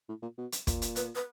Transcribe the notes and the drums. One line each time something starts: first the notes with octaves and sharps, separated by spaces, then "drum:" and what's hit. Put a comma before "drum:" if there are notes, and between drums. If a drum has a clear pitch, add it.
A2
A#2
B2
drum: hi-hat
A#2, drum: kick, hi-hat
drum: hi-hat
B4, drum: hi-hat
B4